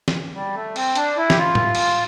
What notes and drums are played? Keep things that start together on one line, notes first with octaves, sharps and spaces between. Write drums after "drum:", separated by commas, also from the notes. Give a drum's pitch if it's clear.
drum: snare
G3
A3
C4, drum: cymbal
D4, drum: hi-hat
E4
G4, drum: snare
F4
drum: tom A2
drum: cymbal